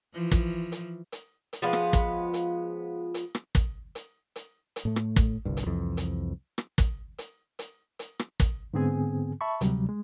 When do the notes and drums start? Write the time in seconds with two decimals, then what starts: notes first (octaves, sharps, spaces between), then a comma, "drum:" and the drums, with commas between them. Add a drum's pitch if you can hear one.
0.14 E3 F3
0.31 drum: kick, hi-hat
0.72 drum: hi-hat
1.12 drum: hi-hat
1.53 drum: hi-hat
1.62 F3 G#3 B3 F5
1.73 drum: rim click
1.93 drum: kick, hi-hat
2.34 drum: hi-hat
3.14 drum: hi-hat
3.35 drum: rim click
3.55 drum: kick, hi-hat
3.95 drum: hi-hat
4.36 drum: hi-hat
4.76 drum: hi-hat
4.85 A2 A3
4.96 drum: rim click
5.16 drum: kick, hi-hat
5.45 G1 C2 G2
5.57 drum: hi-hat
5.66 C2 F2 E3
5.97 drum: hi-hat
6.58 drum: rim click
6.78 drum: kick, hi-hat
7.18 drum: hi-hat
7.59 drum: hi-hat
7.99 drum: hi-hat
8.19 drum: rim click
8.40 drum: kick, hi-hat
8.74 G#2 D3 B3 C4 G#4 G#5
9.41 E5 A5 B5 C#6
9.61 D2 C3 F#3 G3, drum: hi-hat
9.89 G#3